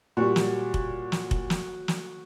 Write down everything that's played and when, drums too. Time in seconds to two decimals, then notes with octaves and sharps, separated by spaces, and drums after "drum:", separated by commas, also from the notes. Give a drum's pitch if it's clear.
0.17 A#2 G3 F#4 C#5
0.36 drum: snare
0.74 drum: kick F1
1.12 drum: snare
1.31 drum: kick F1
1.50 drum: snare
1.88 drum: snare